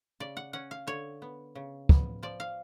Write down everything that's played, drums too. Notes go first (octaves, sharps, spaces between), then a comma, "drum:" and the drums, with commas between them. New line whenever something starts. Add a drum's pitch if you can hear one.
C#3 D5
F#5
C#4 F#5
F5
D3 C#5
B3
C#3
B3, drum: kick
F3 D5
F5